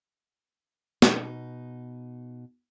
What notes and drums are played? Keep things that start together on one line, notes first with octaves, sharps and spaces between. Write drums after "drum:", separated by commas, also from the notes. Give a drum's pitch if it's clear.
B2 D#4, drum: snare